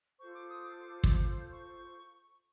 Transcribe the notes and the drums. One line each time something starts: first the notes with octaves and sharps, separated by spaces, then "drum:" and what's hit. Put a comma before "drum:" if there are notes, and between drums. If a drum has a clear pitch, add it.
F4 A4 C5 C#6
D6
D#6
D6
drum: kick
C#6